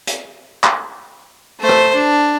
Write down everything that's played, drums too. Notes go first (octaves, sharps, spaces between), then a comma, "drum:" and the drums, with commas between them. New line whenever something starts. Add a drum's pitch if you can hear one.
drum: hi-hat
drum: clap
A3 C5
drum: rim click
D4